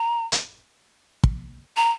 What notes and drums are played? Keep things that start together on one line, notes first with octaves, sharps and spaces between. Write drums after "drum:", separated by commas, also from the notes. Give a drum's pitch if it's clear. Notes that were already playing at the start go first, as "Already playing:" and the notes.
Already playing: A#5
drum: hi-hat
drum: kick
A#5